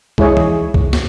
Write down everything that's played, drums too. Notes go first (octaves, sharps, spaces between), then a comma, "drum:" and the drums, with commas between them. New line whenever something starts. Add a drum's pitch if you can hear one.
G#3 E4 G#4 C#5, drum: kick C2
drum: tom E3
drum: kick C2
drum: snare